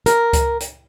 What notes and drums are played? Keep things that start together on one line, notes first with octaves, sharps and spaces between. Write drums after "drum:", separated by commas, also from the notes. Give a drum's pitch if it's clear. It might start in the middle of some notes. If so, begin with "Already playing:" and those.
A#4, drum: hi-hat
drum: kick C#2, hi-hat
drum: hi-hat